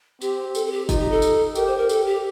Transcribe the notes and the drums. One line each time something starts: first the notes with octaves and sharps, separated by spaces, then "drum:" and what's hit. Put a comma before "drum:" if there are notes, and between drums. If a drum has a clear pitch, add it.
C4 G4, drum: tambourine
A4, drum: tambourine
A4
G4
D#4 F4, drum: kick, tambourine
G4
A4
drum: tambourine
G4 A#4, drum: tambourine
C5
A#4
A4, drum: tambourine
G4